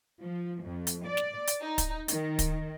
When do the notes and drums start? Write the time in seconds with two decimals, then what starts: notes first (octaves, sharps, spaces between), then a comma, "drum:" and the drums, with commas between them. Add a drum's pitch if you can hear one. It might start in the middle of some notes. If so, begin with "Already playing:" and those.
0.22 F3
0.61 F2
0.87 drum: hi-hat
1.06 D5
1.17 drum: snare
1.47 drum: hi-hat
1.62 D#4
1.78 drum: kick, hi-hat
2.08 D#3, drum: hi-hat
2.39 drum: kick, hi-hat